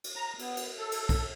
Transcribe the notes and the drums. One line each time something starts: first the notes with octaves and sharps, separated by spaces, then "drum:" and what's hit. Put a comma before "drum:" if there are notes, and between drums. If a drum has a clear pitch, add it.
drum: cymbal
A#5
B3, drum: cymbal
drum: cymbal
A4
drum: cymbal
drum: kick, cymbal